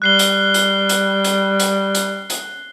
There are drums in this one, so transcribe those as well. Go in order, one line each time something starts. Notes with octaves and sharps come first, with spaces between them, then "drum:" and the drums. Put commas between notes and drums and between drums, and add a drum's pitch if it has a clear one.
G3 F#6 C7 G7
drum: hi-hat
drum: hi-hat
drum: hi-hat
drum: hi-hat
drum: hi-hat
drum: hi-hat
drum: hi-hat